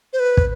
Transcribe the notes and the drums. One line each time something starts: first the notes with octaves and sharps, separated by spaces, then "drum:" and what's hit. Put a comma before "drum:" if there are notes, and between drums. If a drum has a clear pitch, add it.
C5
B4
drum: kick